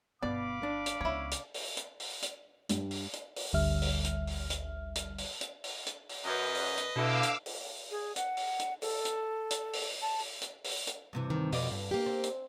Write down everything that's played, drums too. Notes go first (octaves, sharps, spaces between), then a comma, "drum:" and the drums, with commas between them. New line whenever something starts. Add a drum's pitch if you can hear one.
G1 B2 D5 F5 B5 D6
D4
drum: hi-hat
C#2 B3 E4 C#5
drum: hi-hat
drum: open hi-hat
drum: hi-hat
drum: open hi-hat
drum: hi-hat
G2, drum: hi-hat
drum: open hi-hat
drum: hi-hat
drum: open hi-hat
G#1 D2 D3 G3 E5 F6
drum: open hi-hat
drum: hi-hat
drum: open hi-hat
drum: hi-hat
drum: hi-hat
drum: open hi-hat
drum: hi-hat
drum: open hi-hat
drum: hi-hat
drum: open hi-hat
F#2 B4 D#5
drum: open hi-hat
drum: hi-hat
B2 D3 E4 F5 D6 E6
drum: hi-hat
drum: open hi-hat
G#4
F#5, drum: hi-hat
drum: open hi-hat
drum: hi-hat
A4, drum: open hi-hat
drum: hi-hat
drum: hi-hat
drum: open hi-hat
A5
drum: open hi-hat
drum: hi-hat
drum: open hi-hat
drum: hi-hat
G2 C3 E3
D#3
F2 B2 F4 D5 D#5, drum: open hi-hat
G2
A#3 G4
C4
drum: hi-hat